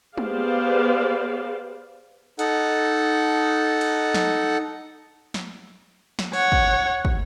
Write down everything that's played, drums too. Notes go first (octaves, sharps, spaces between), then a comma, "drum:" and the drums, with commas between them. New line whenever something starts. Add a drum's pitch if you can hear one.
B3 G4 G#4 C5 D5 F5, drum: tom
D#4 A4 F#5, drum: hi-hat
drum: cymbal
drum: snare
drum: snare
drum: snare
C#5 F#5, drum: open hi-hat
drum: kick
drum: kick